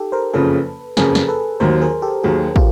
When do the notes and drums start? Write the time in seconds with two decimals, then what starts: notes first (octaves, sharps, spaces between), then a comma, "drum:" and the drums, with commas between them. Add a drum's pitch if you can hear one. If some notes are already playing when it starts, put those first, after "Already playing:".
Already playing: D#4 G4 A4
0.12 A#4 C5
0.33 F#1 F2 C#3 F3 A4 B4
0.97 F#1 F2 C#3 F3 G#4 A#4, drum: snare
1.15 drum: snare
1.28 A4 B4
1.60 D#2 D#3 F#3 A#4 C5
1.81 G#4 A#4
2.02 G4 A4
2.23 D#2 D#3 F#3 F#4 G#4
2.56 F4 G4, drum: kick